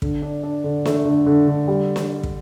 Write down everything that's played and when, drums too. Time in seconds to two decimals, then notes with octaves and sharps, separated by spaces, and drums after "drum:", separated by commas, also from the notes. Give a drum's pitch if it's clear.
0.02 D3, drum: kick
0.22 D4
0.43 D4
0.64 D3
0.85 A3, drum: snare
1.05 D3
1.26 D3
1.48 D3
1.68 G3
1.96 drum: snare
2.23 drum: kick